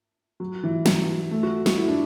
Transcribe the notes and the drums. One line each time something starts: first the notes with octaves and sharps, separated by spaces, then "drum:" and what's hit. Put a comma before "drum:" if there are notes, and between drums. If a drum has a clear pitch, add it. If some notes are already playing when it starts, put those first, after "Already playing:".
F#3
E3
F#3, drum: snare
A3
F#4
F#4, drum: snare
E4
D4